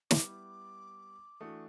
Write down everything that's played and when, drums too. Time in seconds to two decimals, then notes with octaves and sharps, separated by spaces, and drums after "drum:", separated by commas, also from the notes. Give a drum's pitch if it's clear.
0.11 G3 B3 E4 D6, drum: snare
1.40 E3 A3 D4 F#4 D#6